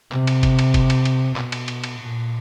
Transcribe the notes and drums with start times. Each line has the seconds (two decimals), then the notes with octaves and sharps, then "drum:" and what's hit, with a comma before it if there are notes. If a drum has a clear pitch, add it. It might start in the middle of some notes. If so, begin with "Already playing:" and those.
0.12 C3, drum: clap
0.27 drum: cymbal
0.43 drum: kick F#1, cymbal
0.59 drum: cymbal
0.74 drum: kick F#1, cymbal
0.90 drum: cymbal
1.05 drum: cymbal
1.36 B2, drum: clap
1.52 drum: cymbal
1.68 drum: cymbal
1.84 drum: cymbal
1.99 A#2